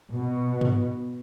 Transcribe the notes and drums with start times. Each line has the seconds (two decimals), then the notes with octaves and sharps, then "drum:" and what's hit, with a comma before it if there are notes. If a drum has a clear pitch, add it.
0.12 B2
0.61 drum: tom